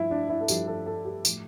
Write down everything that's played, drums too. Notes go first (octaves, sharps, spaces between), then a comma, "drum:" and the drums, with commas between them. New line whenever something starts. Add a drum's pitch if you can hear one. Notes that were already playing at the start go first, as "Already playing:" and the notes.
Already playing: G2 F3 E4
D4
E4
A4
G2 F3 G4, drum: tambourine
A4
A4
G4
A2 F3, drum: tambourine